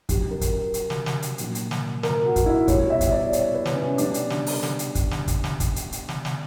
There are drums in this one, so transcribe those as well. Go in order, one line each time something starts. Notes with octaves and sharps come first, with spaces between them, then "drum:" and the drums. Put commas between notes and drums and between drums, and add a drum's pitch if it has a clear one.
C#3 F#3 G4, drum: kick, hi-hat
A#4
drum: kick, hi-hat
A#4
drum: hi-hat
drum: snare
drum: snare
drum: hi-hat
A#2 F#3, drum: hi-hat
drum: hi-hat
drum: snare
A#4, drum: snare
F#4
drum: kick, hi-hat
E4
B2 G3 C#5, drum: kick, hi-hat
E5
drum: kick, hi-hat
D5
C#5, drum: hi-hat
B4
drum: snare
C#4
B2 G3 D4, drum: hi-hat
drum: hi-hat
drum: snare
drum: open hi-hat
drum: snare
drum: hi-hat
drum: kick, hi-hat
drum: snare
drum: kick, hi-hat
drum: snare
drum: kick, hi-hat
drum: hi-hat
drum: hi-hat
drum: snare
drum: snare